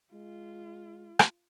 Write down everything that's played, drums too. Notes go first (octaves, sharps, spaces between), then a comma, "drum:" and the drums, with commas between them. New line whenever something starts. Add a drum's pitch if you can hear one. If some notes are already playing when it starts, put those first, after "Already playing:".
G#3 F4
drum: rim click